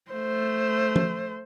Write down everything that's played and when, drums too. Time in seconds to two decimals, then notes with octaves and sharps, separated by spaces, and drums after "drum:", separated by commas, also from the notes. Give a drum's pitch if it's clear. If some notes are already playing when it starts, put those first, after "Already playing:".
0.12 A3 C5
0.96 drum: tom F3